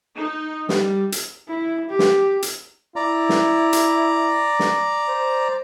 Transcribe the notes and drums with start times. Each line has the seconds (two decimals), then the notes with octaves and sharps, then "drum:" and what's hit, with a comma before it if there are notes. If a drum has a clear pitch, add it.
0.16 D#4
0.69 G3, drum: snare
1.12 drum: hi-hat
1.48 E4
1.90 G4
1.99 drum: snare
2.42 drum: hi-hat
2.96 E4 D5 A#5
3.29 drum: snare
3.73 drum: hi-hat
4.59 drum: snare
5.08 C5